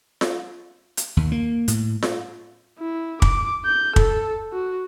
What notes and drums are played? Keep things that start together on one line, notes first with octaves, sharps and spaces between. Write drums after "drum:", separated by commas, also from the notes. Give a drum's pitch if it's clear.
drum: snare F4
drum: hi-hat
D#2
A#3
A2, drum: hi-hat
drum: snare F4
E4
D6, drum: kick
G6
A4, drum: kick
F#4